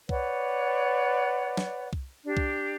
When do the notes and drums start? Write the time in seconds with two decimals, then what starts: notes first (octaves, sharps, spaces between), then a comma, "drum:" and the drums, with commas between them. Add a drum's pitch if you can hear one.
0.09 B4 C#5 D5 F#5, drum: kick C2
1.57 drum: snare
1.93 drum: kick C2
2.26 D4 G4
2.37 drum: kick C2